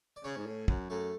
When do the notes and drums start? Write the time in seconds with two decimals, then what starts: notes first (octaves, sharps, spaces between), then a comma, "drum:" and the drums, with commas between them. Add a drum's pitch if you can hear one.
0.16 D5
0.24 C#3 C#4 C#5
0.37 G#2
0.46 A2
0.68 F#2, drum: kick
0.90 F#2 A3 A4